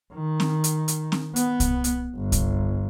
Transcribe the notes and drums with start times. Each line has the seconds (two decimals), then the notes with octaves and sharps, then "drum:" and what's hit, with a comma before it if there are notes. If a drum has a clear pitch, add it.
0.14 D#3
0.40 drum: snare
0.64 drum: hi-hat
0.88 drum: hi-hat
1.12 drum: snare
1.36 B3, drum: hi-hat
1.60 drum: kick C2, hi-hat
1.84 drum: hi-hat
2.16 G1
2.32 drum: kick C2, hi-hat